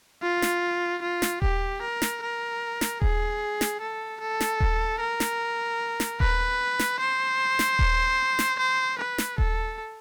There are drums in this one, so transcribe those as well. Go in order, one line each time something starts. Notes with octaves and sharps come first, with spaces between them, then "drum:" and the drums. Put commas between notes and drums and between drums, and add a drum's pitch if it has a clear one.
F4
drum: snare
F4
drum: snare
G4, drum: kick D#1
A#4
drum: snare
A#4
drum: snare
G#4, drum: kick D#1
drum: snare
A4
A4
drum: snare
drum: kick D#1
A#4
drum: snare
drum: snare
B4, drum: kick D#1
drum: snare
C5
drum: snare
drum: kick D#1
drum: snare
C5
B4
drum: snare
A4, drum: kick D#1